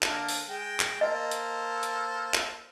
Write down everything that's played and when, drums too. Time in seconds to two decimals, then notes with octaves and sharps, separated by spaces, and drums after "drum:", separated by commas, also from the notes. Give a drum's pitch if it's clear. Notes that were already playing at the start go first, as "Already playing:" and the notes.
0.03 D3 A#3 A4, drum: clap
0.29 drum: open hi-hat
0.49 G#3 G5
0.80 drum: clap
1.01 A#3 A4 C5 D#5
1.31 drum: hi-hat
1.83 drum: hi-hat
2.34 drum: clap